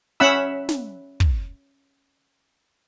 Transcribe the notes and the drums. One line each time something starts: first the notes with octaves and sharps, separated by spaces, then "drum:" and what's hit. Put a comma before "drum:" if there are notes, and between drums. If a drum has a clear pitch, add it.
C#4 E5 F#5 B5 E6
drum: snare
drum: kick